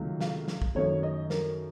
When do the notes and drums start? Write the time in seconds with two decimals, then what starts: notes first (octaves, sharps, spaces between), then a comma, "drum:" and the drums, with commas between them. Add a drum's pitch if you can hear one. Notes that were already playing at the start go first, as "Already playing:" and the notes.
Already playing: C#2 C3 D#3 F#3 A3
0.21 F5, drum: snare
0.48 drum: snare
0.62 drum: kick
0.75 F#2 D#3 A3 C#5
1.03 D#5
1.30 A#4, drum: snare